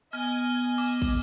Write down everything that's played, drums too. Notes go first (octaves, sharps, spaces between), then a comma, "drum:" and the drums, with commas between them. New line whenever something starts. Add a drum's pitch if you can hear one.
B3 D#5 G#5 F6
D6, drum: open hi-hat
drum: kick, open hi-hat